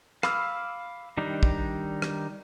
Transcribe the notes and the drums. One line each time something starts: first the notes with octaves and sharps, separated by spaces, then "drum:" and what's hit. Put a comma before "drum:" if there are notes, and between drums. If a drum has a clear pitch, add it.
F5 B5 D6 E6 F6, drum: rim click
D#3 G3 D4 D#4
drum: kick
drum: rim click